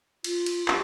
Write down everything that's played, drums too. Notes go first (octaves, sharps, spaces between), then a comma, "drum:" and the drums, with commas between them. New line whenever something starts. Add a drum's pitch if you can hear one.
F4, drum: cymbal
drum: cymbal
G4, drum: clap